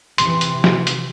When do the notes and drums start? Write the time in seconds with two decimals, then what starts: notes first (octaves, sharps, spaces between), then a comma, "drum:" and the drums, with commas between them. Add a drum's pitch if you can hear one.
0.18 C3 E3 C6, drum: hi-hat
0.41 drum: hi-hat
0.64 drum: snare
0.87 drum: hi-hat